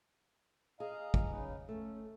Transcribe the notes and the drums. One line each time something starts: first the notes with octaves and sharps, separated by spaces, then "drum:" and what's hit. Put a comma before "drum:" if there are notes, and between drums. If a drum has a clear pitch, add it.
G#4 D#5 F5 A#5
drum: kick
C#3 D#4 B4
A3 C#4